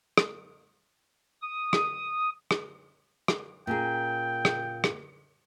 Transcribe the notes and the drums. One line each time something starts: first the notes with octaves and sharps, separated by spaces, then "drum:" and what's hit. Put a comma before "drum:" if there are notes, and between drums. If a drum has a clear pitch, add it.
drum: rim click
D#6
drum: rim click
drum: rim click
drum: rim click
A#2 C#4 G#4 G5
drum: rim click
drum: rim click